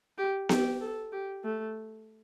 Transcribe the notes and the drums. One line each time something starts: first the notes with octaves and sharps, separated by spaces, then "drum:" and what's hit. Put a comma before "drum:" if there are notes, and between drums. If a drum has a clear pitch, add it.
G4
G4, drum: snare B3
A4
G4
A3